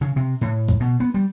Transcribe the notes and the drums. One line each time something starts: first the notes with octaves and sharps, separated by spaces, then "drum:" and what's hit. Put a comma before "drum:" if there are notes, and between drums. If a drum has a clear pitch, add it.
C#3
C3
A2
drum: kick
B2
B3
G3